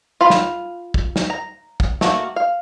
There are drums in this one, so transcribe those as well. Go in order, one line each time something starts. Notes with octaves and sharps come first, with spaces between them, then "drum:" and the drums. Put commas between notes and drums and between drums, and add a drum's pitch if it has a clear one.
F4 F5 B5
drum: snare
drum: kick
drum: snare
A#5
drum: kick
A3 A#3 F#4, drum: snare
F5